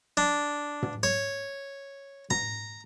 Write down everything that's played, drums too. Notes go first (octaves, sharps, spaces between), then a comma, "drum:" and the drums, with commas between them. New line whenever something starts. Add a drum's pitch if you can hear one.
D4
drum: tom
C#5
A#5, drum: tom